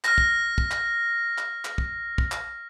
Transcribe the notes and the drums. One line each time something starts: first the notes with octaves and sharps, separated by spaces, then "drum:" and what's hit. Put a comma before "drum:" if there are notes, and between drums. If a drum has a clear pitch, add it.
F6 A#6, drum: clap
drum: kick
drum: kick
drum: clap
drum: clap
drum: clap
drum: kick
drum: kick
drum: clap